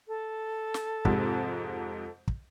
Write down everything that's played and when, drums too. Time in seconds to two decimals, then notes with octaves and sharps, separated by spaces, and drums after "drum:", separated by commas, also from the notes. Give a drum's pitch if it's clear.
0.08 A4
0.74 drum: snare
1.05 F2 G#2 C3, drum: kick
2.28 drum: kick